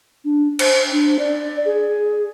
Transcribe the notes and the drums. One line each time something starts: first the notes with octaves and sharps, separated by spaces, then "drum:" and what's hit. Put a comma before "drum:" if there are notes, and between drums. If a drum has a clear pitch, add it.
D4
C5, drum: cymbal
D4
D5
G#4